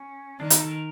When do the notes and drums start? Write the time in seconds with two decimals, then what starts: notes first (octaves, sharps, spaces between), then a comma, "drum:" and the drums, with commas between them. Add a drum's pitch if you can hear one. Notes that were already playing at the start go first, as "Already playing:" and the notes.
Already playing: C#4
0.40 D#3 D4
0.50 D#4, drum: hi-hat
0.61 A4
0.71 A#4